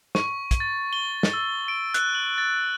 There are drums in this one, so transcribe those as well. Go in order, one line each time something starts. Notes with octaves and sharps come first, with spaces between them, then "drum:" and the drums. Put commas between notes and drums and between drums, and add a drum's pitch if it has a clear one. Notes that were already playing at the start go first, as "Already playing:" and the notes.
C#6, drum: snare
drum: kick, hi-hat
A6
G7
drum: snare
E6
D7
F#6, drum: hi-hat
F#7
A6